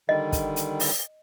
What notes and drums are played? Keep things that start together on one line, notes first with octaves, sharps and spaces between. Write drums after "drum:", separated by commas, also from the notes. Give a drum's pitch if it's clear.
D3 D#3 G3 D#5
drum: kick, hi-hat
drum: hi-hat
drum: open hi-hat